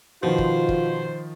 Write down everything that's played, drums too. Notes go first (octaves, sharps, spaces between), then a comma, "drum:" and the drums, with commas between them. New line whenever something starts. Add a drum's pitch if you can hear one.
B2 D#3 F3 F4 C5
drum: kick
drum: kick